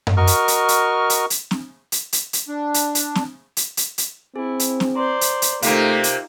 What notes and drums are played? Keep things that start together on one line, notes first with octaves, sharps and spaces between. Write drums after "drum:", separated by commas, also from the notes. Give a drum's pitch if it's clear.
drum: tom F#2
F#4 A#4 D#5 C#6 F6
drum: hi-hat
drum: hi-hat
drum: hi-hat
drum: hi-hat
drum: hi-hat
drum: snare C4
drum: hi-hat
drum: hi-hat
drum: hi-hat
D4
drum: hi-hat
drum: hi-hat
drum: snare C4
drum: hi-hat
drum: hi-hat
drum: hi-hat
C4 E4 G#4
drum: hi-hat
drum: snare C4
C5 D5 A#5 C6
drum: hi-hat
drum: hi-hat
C3 A3 A#3 D#4 F4 F5 G5 D6, drum: hi-hat
drum: hi-hat